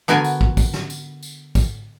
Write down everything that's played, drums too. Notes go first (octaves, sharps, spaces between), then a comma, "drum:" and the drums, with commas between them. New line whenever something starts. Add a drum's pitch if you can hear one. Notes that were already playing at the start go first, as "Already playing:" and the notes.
D3 B3 F#4 A#4 G#5
drum: tambourine
drum: kick
drum: kick, tambourine
drum: snare
drum: tambourine
drum: tambourine
drum: kick, tambourine